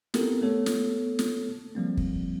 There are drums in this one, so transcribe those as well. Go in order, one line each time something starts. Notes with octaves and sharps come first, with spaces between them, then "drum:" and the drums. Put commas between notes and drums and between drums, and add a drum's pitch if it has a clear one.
B3 C4 E4 G4 A4 A#4, drum: snare
A3 B3 A4 C#5
drum: snare
drum: snare
F3 G3 A#3 C4
drum: kick